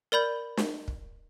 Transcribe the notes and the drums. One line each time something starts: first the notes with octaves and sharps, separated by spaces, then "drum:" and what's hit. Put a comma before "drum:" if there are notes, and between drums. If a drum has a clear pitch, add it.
A#4 D5 B5 G6
drum: snare
drum: kick